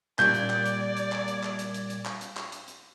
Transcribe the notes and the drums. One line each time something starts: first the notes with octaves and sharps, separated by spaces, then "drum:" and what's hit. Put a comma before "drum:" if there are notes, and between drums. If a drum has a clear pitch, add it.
A#2 G3 D5 G6 G#6, drum: clap
drum: hi-hat
drum: clap
drum: hi-hat
drum: hi-hat
drum: clap
drum: hi-hat
drum: clap
drum: hi-hat
drum: hi-hat
drum: hi-hat
drum: clap
drum: hi-hat
drum: clap
drum: hi-hat
drum: hi-hat